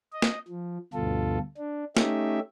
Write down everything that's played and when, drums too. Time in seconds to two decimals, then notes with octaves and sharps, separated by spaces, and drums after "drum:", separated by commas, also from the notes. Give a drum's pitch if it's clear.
0.13 D#5
0.22 drum: snare
0.48 F3
0.93 D2 G2 B2 F4 A4
1.58 D4
1.97 A3 C#4 D#4 G4 E5, drum: snare